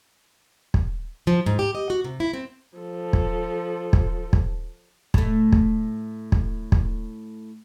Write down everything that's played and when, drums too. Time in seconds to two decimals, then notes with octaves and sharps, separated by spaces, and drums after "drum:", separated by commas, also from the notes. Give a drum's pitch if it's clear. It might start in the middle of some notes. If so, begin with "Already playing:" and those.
0.74 drum: kick
1.27 F3
1.46 G#2
1.59 G4
1.75 D#5
1.90 F#4
2.04 C3
2.20 E4
2.33 C4
2.77 F3 A4
3.13 drum: kick
3.93 drum: kick
4.33 drum: kick
5.14 A2 A3, drum: kick
5.52 drum: kick
6.32 drum: kick
6.72 drum: kick